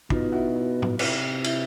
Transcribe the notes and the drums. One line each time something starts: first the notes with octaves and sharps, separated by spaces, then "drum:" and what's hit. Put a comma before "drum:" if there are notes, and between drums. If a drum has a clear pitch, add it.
B2 D#4 F4, drum: kick
E4 F#4
E4
drum: tom
C3 E4, drum: cymbal
E4, drum: cymbal